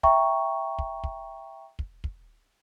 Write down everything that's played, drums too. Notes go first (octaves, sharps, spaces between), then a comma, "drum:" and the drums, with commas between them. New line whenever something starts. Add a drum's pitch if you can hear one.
E5 G5 A#5 C#6, drum: kick
drum: kick
drum: kick
drum: kick
drum: kick